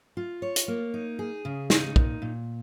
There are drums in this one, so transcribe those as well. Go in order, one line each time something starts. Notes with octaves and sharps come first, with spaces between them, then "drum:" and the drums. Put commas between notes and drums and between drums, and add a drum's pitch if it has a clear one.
F4
C#5
drum: hi-hat
A#3
D#4
G#4
C#3
D#4, drum: snare
A#2, drum: kick
A#2